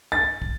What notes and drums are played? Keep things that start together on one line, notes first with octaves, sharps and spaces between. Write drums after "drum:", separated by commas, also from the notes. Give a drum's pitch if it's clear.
A6
drum: kick